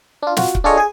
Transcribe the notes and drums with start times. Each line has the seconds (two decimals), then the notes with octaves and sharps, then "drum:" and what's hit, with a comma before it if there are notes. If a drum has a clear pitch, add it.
0.23 D4 F4
0.37 F4 F#4, drum: snare
0.55 drum: kick C#1
0.64 D4 F4 G#4 A4 C#5 D#5
0.77 G#4 G#5